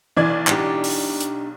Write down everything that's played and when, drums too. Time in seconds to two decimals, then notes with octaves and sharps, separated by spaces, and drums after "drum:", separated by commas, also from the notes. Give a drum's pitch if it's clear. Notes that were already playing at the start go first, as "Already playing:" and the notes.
0.17 B1 E3 D5 G#6
0.47 D4 D#4 G4, drum: clap
0.84 drum: open hi-hat
1.21 drum: hi-hat